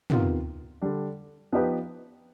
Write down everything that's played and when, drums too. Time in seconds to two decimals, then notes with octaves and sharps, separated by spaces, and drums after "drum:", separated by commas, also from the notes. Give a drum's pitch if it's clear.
0.10 C3 D#3 B3 F4, drum: tom
0.82 D3 G3 D4
1.52 F3 B3 D#4 G4 B4